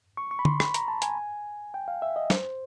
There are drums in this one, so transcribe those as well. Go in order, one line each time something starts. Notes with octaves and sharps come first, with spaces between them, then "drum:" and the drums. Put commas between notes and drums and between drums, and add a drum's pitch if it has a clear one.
C#6
C#6
B5
C6, drum: tom D3
B5, drum: rim click
A#5, drum: hi-hat
A5
G#5, drum: hi-hat
G5
F5
E5
D#5
C5, drum: snare